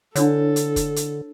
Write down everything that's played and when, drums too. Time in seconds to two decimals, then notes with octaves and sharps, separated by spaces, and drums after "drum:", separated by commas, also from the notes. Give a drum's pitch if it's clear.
0.16 D3 D4 E4 A4 C#5, drum: hi-hat
0.56 drum: hi-hat
0.76 drum: kick F#1, hi-hat
0.96 drum: hi-hat